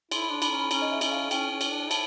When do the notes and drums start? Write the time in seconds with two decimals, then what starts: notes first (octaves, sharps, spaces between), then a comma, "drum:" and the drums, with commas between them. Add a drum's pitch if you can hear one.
0.11 E4 C6, drum: cymbal
0.22 B5
0.31 D4 C6
0.42 B5, drum: cymbal
0.51 C#4 A#5
0.60 B5
0.71 C#4 A#5, drum: cymbal
0.82 D#5
0.92 E5
1.01 C#4, drum: cymbal
1.11 F5
1.31 C#4 G5, drum: cymbal
1.51 C#4
1.61 drum: cymbal
1.71 D4
1.91 E4 A5, drum: cymbal